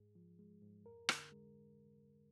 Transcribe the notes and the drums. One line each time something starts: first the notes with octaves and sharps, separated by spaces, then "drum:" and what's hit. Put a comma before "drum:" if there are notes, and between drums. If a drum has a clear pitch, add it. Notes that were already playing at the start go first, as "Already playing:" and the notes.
Already playing: G#2 G#4
F3
G#3
G#2
F2 A#4
D3, drum: rim click
G#3